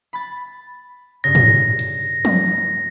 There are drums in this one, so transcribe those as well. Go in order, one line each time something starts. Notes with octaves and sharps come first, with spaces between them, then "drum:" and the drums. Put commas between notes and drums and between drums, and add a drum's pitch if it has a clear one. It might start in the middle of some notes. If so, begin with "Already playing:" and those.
B5 A6
G2 C#3 A#6
drum: tom
drum: hi-hat
drum: tom